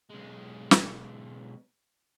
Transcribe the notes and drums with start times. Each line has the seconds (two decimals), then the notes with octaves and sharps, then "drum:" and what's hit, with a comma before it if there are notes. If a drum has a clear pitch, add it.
0.10 B1 G#3
0.71 drum: snare